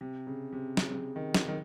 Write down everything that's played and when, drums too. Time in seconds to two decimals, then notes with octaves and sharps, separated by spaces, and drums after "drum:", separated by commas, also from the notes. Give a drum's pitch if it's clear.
0.01 C3
0.27 C#3
0.52 C3
0.77 C#3, drum: snare
0.85 C3
0.91 C#3
1.16 D#3
1.34 drum: snare
1.48 D#3